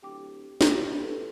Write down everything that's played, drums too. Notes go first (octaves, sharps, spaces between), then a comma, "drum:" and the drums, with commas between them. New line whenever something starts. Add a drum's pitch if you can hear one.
D1 G4 G5 D6
C3, drum: snare
A4 B4